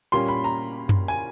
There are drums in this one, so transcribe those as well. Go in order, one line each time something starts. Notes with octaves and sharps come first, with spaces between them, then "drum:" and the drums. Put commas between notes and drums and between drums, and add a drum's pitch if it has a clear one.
A#2 G3 A#3 C#4 C6
B5
A#5
drum: tom F#2
G#5